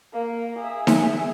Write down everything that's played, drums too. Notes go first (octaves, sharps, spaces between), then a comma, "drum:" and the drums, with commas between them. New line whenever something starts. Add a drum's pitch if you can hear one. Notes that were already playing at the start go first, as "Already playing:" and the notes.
A#3
G#4 E5
drum: snare D#4